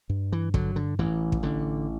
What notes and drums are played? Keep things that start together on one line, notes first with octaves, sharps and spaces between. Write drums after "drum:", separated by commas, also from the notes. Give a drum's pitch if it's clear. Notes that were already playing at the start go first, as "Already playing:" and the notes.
G2
E3
D3 F#3, drum: kick
D3
A1 E3
drum: kick
A1 D3